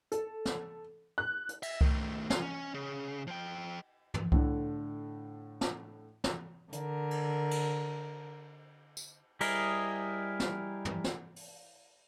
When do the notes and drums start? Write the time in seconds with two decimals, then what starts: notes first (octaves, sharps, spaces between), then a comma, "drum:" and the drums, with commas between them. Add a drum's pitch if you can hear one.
0.12 A4, drum: hi-hat
0.45 drum: snare
1.18 F#6
1.49 drum: hi-hat
1.63 E5, drum: cymbal
1.81 D#3 A3, drum: kick C2
2.30 F4, drum: snare
2.42 C#4
2.74 C#3
3.27 F3 G5
4.14 drum: tom
4.32 A2 D3, drum: kick C2
5.61 drum: snare
6.24 drum: snare
6.72 D3 A#4, drum: hi-hat
7.11 drum: cymbal
7.51 drum: cymbal
8.97 drum: tambourine
9.41 G3 E4 G#4 A#4 D#5, drum: cymbal
10.40 drum: snare
10.85 drum: tom
11.04 drum: snare
11.36 drum: open hi-hat